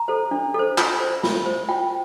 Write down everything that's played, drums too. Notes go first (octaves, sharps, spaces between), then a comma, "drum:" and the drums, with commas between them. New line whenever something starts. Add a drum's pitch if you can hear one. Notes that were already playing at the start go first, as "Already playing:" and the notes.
Already playing: A#5
A4 C5
D4
A4 C5
F4, drum: clap
C5
F4, drum: snare
C5
F4 G5